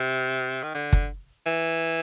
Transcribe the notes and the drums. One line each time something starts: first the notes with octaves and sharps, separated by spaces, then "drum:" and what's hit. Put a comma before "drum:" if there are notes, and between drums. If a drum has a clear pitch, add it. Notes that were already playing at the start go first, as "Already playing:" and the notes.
Already playing: C3
D#3
D3
drum: kick
E3